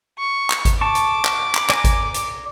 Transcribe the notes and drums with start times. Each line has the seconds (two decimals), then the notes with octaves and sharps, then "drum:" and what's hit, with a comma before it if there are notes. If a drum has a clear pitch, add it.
0.19 C#6
0.50 drum: clap
0.65 drum: kick G#1, hi-hat
0.81 A5 C#6 D6
0.95 drum: hi-hat
1.25 drum: clap
1.55 drum: clap
1.70 D5 G#5 A#5, drum: clap
1.84 drum: kick G#1, hi-hat
2.14 drum: hi-hat